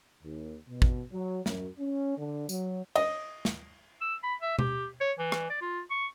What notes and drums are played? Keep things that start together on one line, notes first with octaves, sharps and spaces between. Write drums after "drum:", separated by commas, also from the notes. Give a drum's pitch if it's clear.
D#2
B2
drum: kick
F#3
F#2, drum: snare
C#4
D3
F#3, drum: tambourine
D#5, drum: cymbal
drum: snare
E6
B5
E5
G4, drum: tom B2
C#5
E3
drum: rim click
D5
F4
C#6